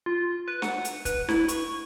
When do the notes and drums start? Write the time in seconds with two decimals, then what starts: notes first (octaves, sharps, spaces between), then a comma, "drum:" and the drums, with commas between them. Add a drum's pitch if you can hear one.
0.06 F4
0.48 B4
0.62 F#5, drum: snare
0.85 drum: hi-hat
1.05 B4, drum: kick, hi-hat
1.29 E4, drum: snare
1.48 C#6, drum: hi-hat